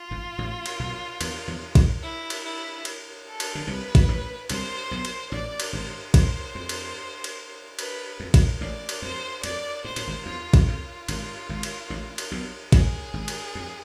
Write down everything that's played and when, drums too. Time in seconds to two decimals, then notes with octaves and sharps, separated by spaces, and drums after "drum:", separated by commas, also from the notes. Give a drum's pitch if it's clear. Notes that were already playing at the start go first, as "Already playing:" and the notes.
Already playing: F4
0.11 G#1 G#2
0.38 A1 A2
0.66 drum: cymbal
0.79 B1 B2
1.21 E2 E3, drum: cymbal
1.48 E2 E3
1.75 drum: kick, cymbal
2.02 E4
2.30 drum: cymbal
2.43 E4
2.85 drum: cymbal
3.27 A4
3.40 drum: cymbal
3.55 D3
3.67 C2 C3 B4
3.95 drum: kick, cymbal
4.08 A1 A2
4.50 C2 C3 C5, drum: cymbal
4.91 B1 B2
5.05 drum: cymbal
5.32 A1 A2 D5
5.60 drum: cymbal
5.73 G#1 G#2 C5
6.14 F2 C5, drum: kick, cymbal
6.55 F2
6.69 drum: cymbal
7.24 drum: cymbal
7.79 B4, drum: cymbal
8.20 F2
8.34 drum: kick, cymbal
8.61 A1 A2 D5
8.89 drum: cymbal
9.02 F2 C5
9.43 F2 D5, drum: cymbal
9.84 G#2 C5
9.96 A2, drum: cymbal
10.07 G#1 G#2
10.25 E2 F4
10.54 drum: kick, cymbal
10.67 F2 F4
11.09 G#1 G#2, drum: cymbal
11.49 G#1 G#2
11.63 drum: cymbal
11.90 A1 A2
12.18 drum: cymbal
12.31 B1 B2
12.72 A1 A2 G#4, drum: kick, cymbal
13.14 G#1 G#2
13.28 drum: cymbal
13.55 F2